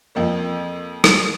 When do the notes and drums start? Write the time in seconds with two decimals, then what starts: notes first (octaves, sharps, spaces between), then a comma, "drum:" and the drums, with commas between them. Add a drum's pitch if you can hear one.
0.15 F2 F3 A#3
1.04 drum: rim click